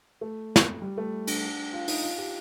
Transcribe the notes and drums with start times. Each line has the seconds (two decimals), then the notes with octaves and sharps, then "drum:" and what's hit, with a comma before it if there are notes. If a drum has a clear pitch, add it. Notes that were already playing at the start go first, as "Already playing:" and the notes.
0.21 A3
0.56 drum: snare
0.82 G3
0.98 A3
1.27 D4, drum: cymbal
1.73 F4
1.88 D#4, drum: open hi-hat
2.03 F4
2.18 G4